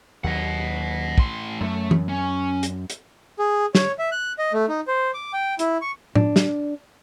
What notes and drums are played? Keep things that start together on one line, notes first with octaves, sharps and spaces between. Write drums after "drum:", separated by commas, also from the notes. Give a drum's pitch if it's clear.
D#2 F#3 D#5 F#5
A2 C6, drum: kick
F#2 A3
drum: tom E3
C#4
drum: hi-hat
drum: hi-hat
G#4
C#5, drum: snare
E5
F#6
D#5
A3
D#4
C5
D6
G5
E4, drum: hi-hat
C#6
D4, drum: tom A2
drum: snare